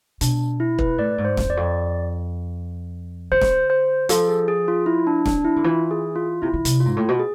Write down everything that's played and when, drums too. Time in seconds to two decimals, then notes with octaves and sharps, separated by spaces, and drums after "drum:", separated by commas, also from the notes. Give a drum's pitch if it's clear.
0.21 B2 D4, drum: hi-hat
0.60 E4
0.79 B4, drum: kick
0.98 A2 D5
1.18 G#2
1.25 C5
1.37 E2, drum: snare
1.50 D5
1.57 F2
3.31 D3 C5
3.41 drum: snare
3.70 C5
4.09 F3 A4, drum: hi-hat
4.28 G#4
4.48 G#4
4.68 F4
4.86 E4
5.07 D4
5.26 D4, drum: snare
5.45 E4
5.56 D3
5.64 E3 F4
5.91 G#4
6.16 F4
6.42 C3 E4
6.53 D3
6.65 C3, drum: hi-hat
6.80 F4
6.85 G#2
6.97 A2
7.08 B2
7.19 G#4